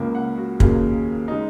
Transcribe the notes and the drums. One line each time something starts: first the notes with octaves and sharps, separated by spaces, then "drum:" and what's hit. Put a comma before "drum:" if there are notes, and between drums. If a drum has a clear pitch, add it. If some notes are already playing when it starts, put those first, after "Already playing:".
Already playing: C#2 C#3 A#3
F#5
F#4
D#2 C#3 F#3 A#3 G#4, drum: kick
C#3 G#3 D#4